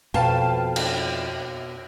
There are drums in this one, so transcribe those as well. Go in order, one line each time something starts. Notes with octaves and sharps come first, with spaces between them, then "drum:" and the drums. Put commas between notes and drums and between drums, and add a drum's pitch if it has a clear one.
F2 B2 B4 F5 G5 A5
drum: cymbal